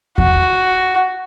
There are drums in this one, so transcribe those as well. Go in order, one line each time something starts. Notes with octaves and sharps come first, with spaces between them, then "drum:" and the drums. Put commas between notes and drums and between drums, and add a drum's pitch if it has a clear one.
F#4, drum: kick E2